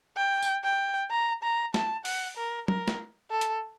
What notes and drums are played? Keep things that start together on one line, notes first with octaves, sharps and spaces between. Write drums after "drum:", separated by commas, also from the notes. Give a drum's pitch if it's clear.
G5
drum: tambourine
G5
A#5
A#5
A5, drum: snare
F#5, drum: open hi-hat
A#4
A#4, drum: tom F#3
drum: snare
A4
drum: hi-hat